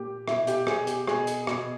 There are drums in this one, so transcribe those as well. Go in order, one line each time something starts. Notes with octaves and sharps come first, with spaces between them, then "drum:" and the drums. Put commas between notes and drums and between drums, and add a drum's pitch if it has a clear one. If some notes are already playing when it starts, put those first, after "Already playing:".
Already playing: A#2 G4
B2 E4, drum: rim click
G4, drum: hi-hat
B2 G#4, drum: rim click
G4, drum: hi-hat
B2 G#4, drum: rim click
drum: hi-hat
B2, drum: rim click